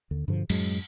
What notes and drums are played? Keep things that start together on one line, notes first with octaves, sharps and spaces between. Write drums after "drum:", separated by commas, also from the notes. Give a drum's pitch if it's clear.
D#2 D3
G2 B2 D3 F3
F#2 A2 F#3 G#3, drum: cymbal